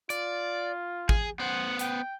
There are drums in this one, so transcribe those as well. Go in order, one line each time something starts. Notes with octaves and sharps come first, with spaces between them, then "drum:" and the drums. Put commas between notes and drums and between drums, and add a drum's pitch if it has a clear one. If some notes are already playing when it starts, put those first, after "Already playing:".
F4 D5, drum: hi-hat
G#4, drum: kick
B3 C5 F#5
G5, drum: hi-hat